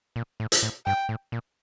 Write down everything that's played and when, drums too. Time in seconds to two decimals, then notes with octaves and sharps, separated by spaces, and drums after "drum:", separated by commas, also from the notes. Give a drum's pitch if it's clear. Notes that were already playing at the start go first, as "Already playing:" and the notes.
0.16 A#2
0.40 A2
0.52 drum: hi-hat
0.62 A2
0.86 G2 G5
1.09 A2
1.32 A#2